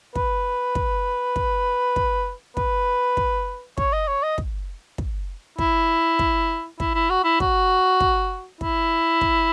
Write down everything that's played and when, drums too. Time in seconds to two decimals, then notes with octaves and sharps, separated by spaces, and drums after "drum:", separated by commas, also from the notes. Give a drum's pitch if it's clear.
0.15 B4, drum: kick
0.75 drum: kick
1.36 drum: kick
1.96 drum: kick
2.57 B4, drum: kick
3.17 drum: kick
3.78 C#5, drum: kick
3.93 D#5
4.07 C#5
4.23 D#5
4.38 drum: kick
4.98 drum: kick
5.58 E4, drum: kick
6.19 drum: kick
6.80 E4, drum: kick
6.95 E4
7.10 F#4
7.24 E4
7.40 F#4, drum: kick
8.00 drum: kick
8.61 E4, drum: kick
9.21 drum: kick